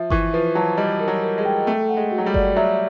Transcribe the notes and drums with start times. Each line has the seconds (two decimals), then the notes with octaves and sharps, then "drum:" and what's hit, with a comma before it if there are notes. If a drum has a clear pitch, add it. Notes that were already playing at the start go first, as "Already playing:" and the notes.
Already playing: F3 E5
0.10 E3 C#6, drum: kick G1
0.33 F3 B4
0.55 F#3 A5
0.77 G3 D#5
1.00 A#4
1.08 F#3
1.23 A#4
1.38 G#3
1.45 G5
1.67 A3 A4
1.89 F#5
1.97 G#3
2.11 F#4
2.18 F#3
2.26 G3
2.34 D5, drum: kick G1
2.56 F#3 E5